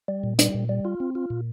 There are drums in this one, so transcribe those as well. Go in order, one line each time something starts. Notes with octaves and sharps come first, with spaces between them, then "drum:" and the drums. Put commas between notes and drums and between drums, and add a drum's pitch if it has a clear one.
G3
A#2
G3, drum: hi-hat
A#2
G3
F4
C4
F4
A#2